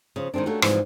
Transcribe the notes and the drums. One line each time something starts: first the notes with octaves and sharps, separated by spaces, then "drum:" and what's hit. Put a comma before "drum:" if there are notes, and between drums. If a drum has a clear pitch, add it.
C#3 F3
D#3 G#3 A3 C4 D4
A3 A#3 C#4 D4 F#4 G4
G#2 C3 E3 F3 G3, drum: rim click